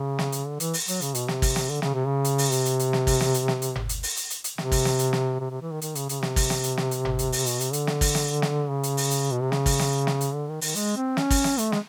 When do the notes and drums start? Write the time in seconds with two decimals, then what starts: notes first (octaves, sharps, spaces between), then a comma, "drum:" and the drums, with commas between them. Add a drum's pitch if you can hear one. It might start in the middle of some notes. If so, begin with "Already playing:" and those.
Already playing: C#3
0.19 drum: snare
0.32 drum: hi-hat
0.46 D3
0.60 E3, drum: hi-hat
0.73 drum: open hi-hat
0.88 F#3, drum: hi-hat
1.01 C#3, drum: hi-hat
1.15 B2, drum: hi-hat
1.28 C3, drum: snare
1.42 drum: kick, open hi-hat
1.56 drum: snare
1.70 D3
1.82 C#3, drum: snare
1.94 C3
2.06 C#3
2.24 drum: hi-hat
2.38 drum: open hi-hat
2.52 C3, drum: hi-hat
2.66 drum: hi-hat
2.79 drum: hi-hat
2.93 drum: snare
3.07 drum: kick, open hi-hat
3.21 drum: snare
3.34 drum: hi-hat
3.48 drum: snare
3.62 drum: hi-hat
3.75 drum: tom G1
3.89 drum: hi-hat
4.03 drum: open hi-hat
4.17 drum: hi-hat
4.30 drum: hi-hat
4.44 drum: hi-hat
4.58 C3, drum: snare
4.72 drum: kick, open hi-hat
4.85 drum: snare
4.99 drum: hi-hat
5.13 drum: snare
5.40 C3
5.51 C3
5.61 E3
5.71 D#3
5.81 D#3, drum: hi-hat
5.95 C#3, drum: hi-hat
6.09 C#3, drum: hi-hat
6.23 C3, drum: snare
6.36 drum: kick, open hi-hat
6.50 drum: snare
6.64 drum: hi-hat
6.77 drum: snare
6.91 drum: hi-hat
7.05 drum: tom G1
7.19 drum: hi-hat
7.32 drum: open hi-hat
7.46 B2, drum: hi-hat
7.60 C3, drum: hi-hat
7.73 D3, drum: hi-hat
7.87 drum: snare
8.01 drum: kick, open hi-hat
8.15 drum: snare
8.42 drum: snare
8.70 C#3
8.83 drum: hi-hat
8.97 drum: open hi-hat
9.11 drum: hi-hat
9.32 B2
9.41 C3
9.52 C#3, drum: snare
9.66 drum: kick, open hi-hat
9.79 drum: snare
10.07 drum: snare
10.21 drum: hi-hat
10.34 D3
10.49 D#3
10.61 D#3, drum: open hi-hat
10.76 G#3, drum: hi-hat
10.96 C4
11.17 C#4, drum: snare
11.30 drum: kick, open hi-hat
11.44 drum: snare
11.58 A3, drum: hi-hat
11.72 G#3, drum: snare